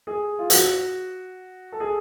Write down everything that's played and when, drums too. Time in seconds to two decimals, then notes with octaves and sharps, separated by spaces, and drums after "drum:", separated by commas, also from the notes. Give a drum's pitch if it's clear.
0.07 G#4
0.39 F4
0.50 F#4, drum: hi-hat
1.72 A4
1.80 G#4